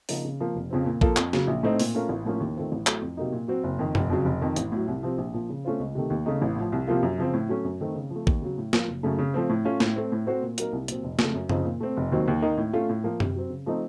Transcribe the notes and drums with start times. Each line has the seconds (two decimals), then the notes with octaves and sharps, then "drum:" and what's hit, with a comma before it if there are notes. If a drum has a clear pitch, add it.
0.09 C#3 F3 A#3 D#4, drum: open hi-hat
0.25 C#3
0.40 F3 A#3
0.55 F1
0.70 F2 C#3 F3 C4
0.86 A#2
1.01 F3 A#3 F4 A4, drum: kick
1.17 F2, drum: clap
1.33 C#3 F#3, drum: snare
1.47 A#1
1.63 A2 A3 C4 D#4
1.79 A#2, drum: open hi-hat
1.95 A3 C#4 F4 A#4
2.09 A1
2.25 A2 F3 A#3 C#4
2.40 D#2
2.56 D#3 A3 C4 F4
2.72 A1
2.87 A2 F#3 A3, drum: clap
3.02 F2
3.17 C3 F#3 A#3 D#4
3.32 A#2
3.48 F#3 C4 F#4
3.64 F#1
3.79 F2 D#3
3.95 F1, drum: tom F#2
4.10 F2 C#3 F#3
4.25 F1
4.41 F2 D#3
4.56 A1, drum: hi-hat
4.72 A2 F#3
4.88 C2
5.03 C3 F3 C4
5.18 A#1
5.34 A#2 F3
5.49 C#3
5.65 A3 C#4 F4 C5
5.80 C#2
5.95 C3 D#3 A3
6.10 D#2
6.26 C#3 A3 D#4
6.42 A1
6.56 A2 F3
6.72 C2
6.87 C3 F3 A#3 F4
7.03 F#2
7.18 C#3 F3 C4
7.34 A2
7.49 F#3 A3 C#4
7.65 F#2
7.81 D#3 A3 C4
7.95 C#3
8.10 F3
8.15 A3
8.27 D#2, drum: kick
8.42 C#3 F#3
8.58 A2
8.73 F3 A#3, drum: snare
8.88 F#1
9.03 F#2 C#3 A3
9.19 C#3
9.34 F3 A3 C4
9.50 A2
9.65 A3 C#4 F4
9.80 A2, drum: snare
9.96 A3 C4
10.12 A2
10.27 A3 C4 F#4 C5
10.43 A#2
10.58 F#3 A#3 D#4 A#4, drum: hi-hat
10.73 C2
10.88 A#2 F#3 C4, drum: hi-hat
11.03 F1
11.19 F2 C#3 A3, drum: snare
11.34 F#2
11.49 C#3 F3 C4 D#4, drum: tom F#2
11.65 A#2
11.80 A3 C4
11.97 F1
12.12 D#2 D#3 F#3 C4
12.28 D#2
12.42 D#3 A#3 D#4
12.57 A2
12.73 A3 C#4 F4
12.89 A2
13.04 F3 A#3
13.20 C3, drum: tom F#2
13.36 F#3 C4
13.50 C#3
13.66 F3 A3 C4 D#4